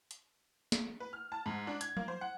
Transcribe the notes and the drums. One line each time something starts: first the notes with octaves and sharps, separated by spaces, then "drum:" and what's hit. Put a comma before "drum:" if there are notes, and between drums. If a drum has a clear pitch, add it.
drum: hi-hat
drum: snare
B4
F6
A5
G#2
D4
G#6, drum: hi-hat
A#3, drum: tom F3
C5
F#5